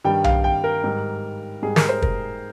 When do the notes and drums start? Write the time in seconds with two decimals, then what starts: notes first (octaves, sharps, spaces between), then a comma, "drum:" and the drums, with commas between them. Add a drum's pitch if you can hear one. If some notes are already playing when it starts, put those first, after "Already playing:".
0.04 G2 D#3 G3 G5
0.24 F5, drum: tom B1
0.44 G5
0.64 A#4
0.84 G#2 G3
1.62 G#2 G3 G#4
1.76 A#4, drum: snare
1.89 C5
2.02 A#4, drum: kick